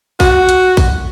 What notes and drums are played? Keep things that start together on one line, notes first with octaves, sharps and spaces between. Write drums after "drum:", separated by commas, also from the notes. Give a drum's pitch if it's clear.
F#4, drum: kick A#1, open hi-hat
drum: hi-hat
drum: kick A#1, open hi-hat